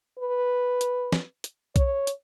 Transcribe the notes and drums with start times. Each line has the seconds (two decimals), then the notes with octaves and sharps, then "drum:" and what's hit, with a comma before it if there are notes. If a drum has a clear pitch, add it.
0.19 B4
0.81 drum: hi-hat
1.12 drum: snare
1.44 drum: hi-hat
1.76 C#5, drum: kick B1, hi-hat
2.07 drum: hi-hat